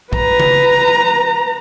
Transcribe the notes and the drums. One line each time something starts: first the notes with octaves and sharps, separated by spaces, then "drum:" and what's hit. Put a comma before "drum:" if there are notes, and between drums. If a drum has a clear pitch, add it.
B4 A#5, drum: kick
drum: tom C#3